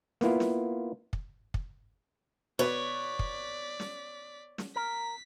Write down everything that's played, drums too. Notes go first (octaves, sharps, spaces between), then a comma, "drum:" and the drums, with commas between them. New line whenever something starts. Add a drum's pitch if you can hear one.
A#3 B3 E4 F4, drum: snare
drum: snare
drum: kick
drum: kick
B2 B4 C#5 D5 B6
drum: kick
drum: snare
drum: snare
A#4 B6